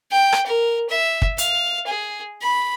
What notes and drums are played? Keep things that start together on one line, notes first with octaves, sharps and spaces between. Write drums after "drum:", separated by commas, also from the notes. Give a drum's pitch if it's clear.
G5
drum: rim click
A#4
E5
drum: kick
F5, drum: hi-hat
G#4
B5